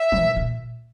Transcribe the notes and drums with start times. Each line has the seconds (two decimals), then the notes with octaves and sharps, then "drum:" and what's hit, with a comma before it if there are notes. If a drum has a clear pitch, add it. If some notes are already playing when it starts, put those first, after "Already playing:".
Already playing: E5
0.12 B2, drum: tom
0.36 A#2